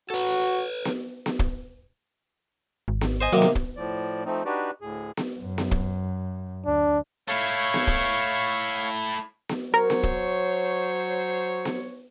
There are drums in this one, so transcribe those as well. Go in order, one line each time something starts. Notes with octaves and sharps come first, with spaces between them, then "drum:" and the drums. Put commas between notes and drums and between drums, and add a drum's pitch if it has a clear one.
F#4 A4 B4
drum: snare B3
drum: snare B3
drum: kick
G#1
drum: snare B3
C5 D#5 G#5
C3 D#3 F#3 A#3
drum: snare B3
drum: kick
A2 F3 D5
F3 A3 C4 D#4
D4 D#4 F#4 G4 B4 D5
D2 A2 G#4
drum: snare B3
F#2
drum: snare B3
drum: kick
D2 D4
A3 E4 C#5 F5 C#6
drum: snare B3
drum: kick
drum: snare B3
F#3 A#4 C5 C#5
drum: snare B3
drum: kick
drum: snare B3